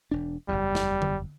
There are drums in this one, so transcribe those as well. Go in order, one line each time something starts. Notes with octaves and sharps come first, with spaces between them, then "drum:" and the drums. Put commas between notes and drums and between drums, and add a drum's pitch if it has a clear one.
E1 D4
F#1 E2 G3
drum: snare
drum: tom D3